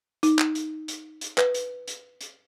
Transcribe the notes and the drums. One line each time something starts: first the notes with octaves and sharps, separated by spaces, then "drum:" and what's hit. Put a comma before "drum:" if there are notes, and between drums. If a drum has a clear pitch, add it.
D#4, drum: hi-hat
drum: clap
drum: hi-hat
drum: hi-hat
drum: hi-hat
B4, drum: clap
drum: hi-hat
drum: hi-hat
drum: hi-hat